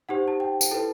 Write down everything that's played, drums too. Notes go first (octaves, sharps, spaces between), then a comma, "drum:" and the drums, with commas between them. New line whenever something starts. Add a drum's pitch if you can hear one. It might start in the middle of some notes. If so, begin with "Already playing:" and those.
D#4 G4 C5 F#5
A5
G5
drum: tambourine
E4 A4 B4 A5